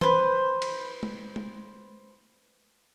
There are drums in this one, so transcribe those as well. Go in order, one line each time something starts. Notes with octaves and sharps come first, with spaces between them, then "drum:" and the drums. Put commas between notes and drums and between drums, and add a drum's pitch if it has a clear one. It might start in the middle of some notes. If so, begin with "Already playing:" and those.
B4 C5, drum: tom E3
drum: cymbal
drum: tom G#3
drum: tom G#3